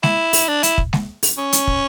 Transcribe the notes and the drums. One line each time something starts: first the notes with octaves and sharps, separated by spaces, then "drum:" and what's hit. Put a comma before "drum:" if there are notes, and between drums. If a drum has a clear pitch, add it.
E4, drum: snare
drum: open hi-hat
D4
E4, drum: hi-hat
drum: kick
drum: snare
drum: open hi-hat
C#4
drum: hi-hat
drum: kick